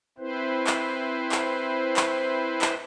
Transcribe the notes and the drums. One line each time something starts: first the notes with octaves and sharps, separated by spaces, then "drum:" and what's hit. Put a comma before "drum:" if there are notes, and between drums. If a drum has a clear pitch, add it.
C4 E4 B4 C5
drum: clap
drum: clap
drum: clap
drum: clap